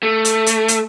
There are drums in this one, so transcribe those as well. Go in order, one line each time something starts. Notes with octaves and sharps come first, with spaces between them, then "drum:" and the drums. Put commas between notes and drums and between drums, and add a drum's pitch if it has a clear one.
A3
drum: hi-hat
drum: hi-hat
drum: hi-hat